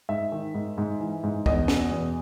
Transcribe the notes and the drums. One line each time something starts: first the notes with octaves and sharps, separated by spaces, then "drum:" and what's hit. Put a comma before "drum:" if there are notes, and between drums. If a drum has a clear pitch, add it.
G#2 E5
D#3
G#2
G#2
E3
G#2
E2 D#5, drum: kick
B2, drum: snare
E2